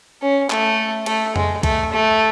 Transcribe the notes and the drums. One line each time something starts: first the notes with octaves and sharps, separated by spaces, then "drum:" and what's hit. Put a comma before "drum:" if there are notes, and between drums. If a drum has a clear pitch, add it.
C#4
A3, drum: clap
A3, drum: cymbal
G#3, drum: tom F2
A3, drum: kick B1, cymbal
A3